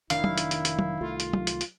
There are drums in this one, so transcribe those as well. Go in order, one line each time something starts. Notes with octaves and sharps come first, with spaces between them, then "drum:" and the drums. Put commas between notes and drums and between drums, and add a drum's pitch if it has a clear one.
F1 D#3 D4 E4 F5, drum: hi-hat
drum: tom F#3
drum: hi-hat
drum: hi-hat
drum: hi-hat
drum: tom F#3
C2 D#3 A3 F4
drum: hi-hat
drum: tom F#3
drum: hi-hat
drum: hi-hat